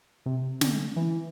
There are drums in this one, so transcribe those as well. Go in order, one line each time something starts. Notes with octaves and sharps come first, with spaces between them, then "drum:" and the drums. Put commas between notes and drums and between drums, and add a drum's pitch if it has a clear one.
C3
D3, drum: snare
E3